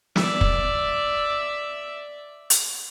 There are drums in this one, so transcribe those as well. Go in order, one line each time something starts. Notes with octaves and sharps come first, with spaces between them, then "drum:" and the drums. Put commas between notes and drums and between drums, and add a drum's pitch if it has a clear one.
D5 E5, drum: snare
drum: kick
drum: hi-hat